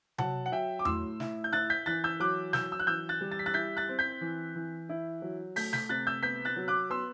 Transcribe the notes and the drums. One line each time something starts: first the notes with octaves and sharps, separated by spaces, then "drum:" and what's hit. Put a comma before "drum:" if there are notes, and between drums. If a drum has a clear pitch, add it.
F#3 F#5 A5, drum: tom C3
F#5
F#3 E5 G5
D6
A2 C6 E6, drum: tom E2
E4, drum: snare
G6
E4 F#6 A6
G6 B6
E3 F#6 A6
E6 G6
F#3 D6 F#6
F#3 E6 G6, drum: snare
E6
F#6
E3 E6 G6
F#6 A6
G3
A6
B6
F#6 A6
E4 G6 B6
F#6 A6
C4
G6 B6
E3
E3
E4
F#3
A3 G6 B6, drum: open hi-hat
G6 B6, drum: snare
C3 F#6 A6
E6 G6
B3 G6 B6
F#6 A6
F#3
D6 F#6
B3 C6 E6